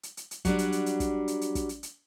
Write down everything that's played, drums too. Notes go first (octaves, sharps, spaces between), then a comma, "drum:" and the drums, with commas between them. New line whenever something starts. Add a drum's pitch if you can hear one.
drum: hi-hat
drum: hi-hat
drum: hi-hat
F#3 G3 D4, drum: kick, hi-hat
drum: hi-hat
drum: hi-hat
drum: hi-hat
drum: kick, hi-hat
drum: hi-hat
drum: hi-hat
drum: kick, hi-hat
drum: hi-hat
drum: hi-hat